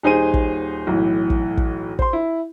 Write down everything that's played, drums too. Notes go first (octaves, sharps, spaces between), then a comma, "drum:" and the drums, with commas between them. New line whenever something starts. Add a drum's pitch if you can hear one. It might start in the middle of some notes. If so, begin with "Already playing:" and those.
D#1 D#4 G#4 C5 D#7
drum: kick
B1 A2 E3
drum: kick
drum: kick
C5 C6, drum: kick
E4